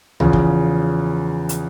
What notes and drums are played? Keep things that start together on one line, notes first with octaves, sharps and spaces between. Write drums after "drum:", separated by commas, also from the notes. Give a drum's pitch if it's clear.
E2 C#3 F3, drum: tom C2
drum: kick
drum: hi-hat